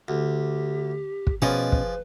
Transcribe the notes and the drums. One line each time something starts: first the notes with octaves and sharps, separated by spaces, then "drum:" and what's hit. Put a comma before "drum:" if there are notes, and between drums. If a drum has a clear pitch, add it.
D2 G4
drum: kick
B2 F3 C#4 G#4 B4 D5 D#5
drum: kick